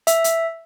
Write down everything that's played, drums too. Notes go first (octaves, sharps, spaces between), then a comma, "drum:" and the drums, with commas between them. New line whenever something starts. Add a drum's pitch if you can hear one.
E5, drum: hi-hat
drum: hi-hat